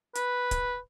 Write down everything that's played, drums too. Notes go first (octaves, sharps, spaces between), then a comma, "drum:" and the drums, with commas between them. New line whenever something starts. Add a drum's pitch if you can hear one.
B4, drum: hi-hat
drum: kick D1, hi-hat